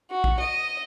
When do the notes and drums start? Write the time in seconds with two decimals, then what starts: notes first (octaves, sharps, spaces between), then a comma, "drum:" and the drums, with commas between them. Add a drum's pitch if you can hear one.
0.11 F#4
0.24 drum: kick A#1
0.40 D#5